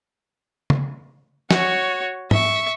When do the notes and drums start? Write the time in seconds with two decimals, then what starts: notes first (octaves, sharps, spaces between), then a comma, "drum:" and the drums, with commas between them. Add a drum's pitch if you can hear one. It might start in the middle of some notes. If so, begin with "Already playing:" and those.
0.70 drum: tom C#3
1.51 F#4 C#5, drum: snare
2.31 E5 C#6, drum: tom G#2